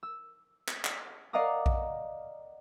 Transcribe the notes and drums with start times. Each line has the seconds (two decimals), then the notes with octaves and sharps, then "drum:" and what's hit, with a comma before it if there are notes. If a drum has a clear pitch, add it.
0.03 E6
0.68 drum: clap
0.84 drum: clap
1.33 D5 D#5 F5 F#5 A#5 D#6
1.66 drum: kick A#1